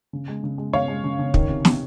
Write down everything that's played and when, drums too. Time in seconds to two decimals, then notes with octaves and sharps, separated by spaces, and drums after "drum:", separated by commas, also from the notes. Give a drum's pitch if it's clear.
0.13 C#3
0.28 G#3
0.44 C#3
0.58 G#3
0.73 C#3 C#5 F5
0.88 G#3
1.04 C#3
1.19 C#3
1.34 D#3, drum: kick
1.49 C3
1.65 C3, drum: snare